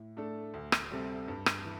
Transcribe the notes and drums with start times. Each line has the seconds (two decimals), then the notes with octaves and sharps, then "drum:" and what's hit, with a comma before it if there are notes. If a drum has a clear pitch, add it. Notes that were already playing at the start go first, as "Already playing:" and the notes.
Already playing: A2
0.17 A3 D4 A4
0.54 D2
0.72 drum: rim click
0.91 C3 G3 C4 A4
1.28 G2
1.46 drum: rim click
1.64 E3